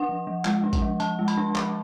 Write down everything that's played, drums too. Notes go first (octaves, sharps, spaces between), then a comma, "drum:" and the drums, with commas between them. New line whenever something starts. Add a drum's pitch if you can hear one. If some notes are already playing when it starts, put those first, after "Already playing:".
Already playing: D4 F#5
F3
F3
G#3, drum: clap
D4
drum: kick A1, hi-hat
F3
F3 A5, drum: hi-hat
G#3
B5, drum: hi-hat
D4
F3, drum: clap